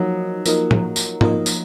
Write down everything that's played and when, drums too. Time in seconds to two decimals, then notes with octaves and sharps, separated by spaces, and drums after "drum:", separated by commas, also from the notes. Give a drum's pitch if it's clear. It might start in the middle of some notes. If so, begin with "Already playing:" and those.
Already playing: F3 F#3 A#3 D#4 D#5
0.46 F3 A#3 D#4 A#4 D#5, drum: tambourine
0.71 drum: tom A2
0.96 drum: tambourine
1.21 F3 A#3 D#4 A#4 D#5, drum: tom
1.46 drum: tambourine